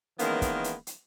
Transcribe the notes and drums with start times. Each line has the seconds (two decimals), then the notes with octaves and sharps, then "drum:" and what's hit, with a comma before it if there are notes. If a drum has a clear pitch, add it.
0.19 D#3 E3 G#3 A#3 B3 C#4, drum: hi-hat
0.42 drum: kick, hi-hat
0.64 drum: hi-hat
0.87 drum: hi-hat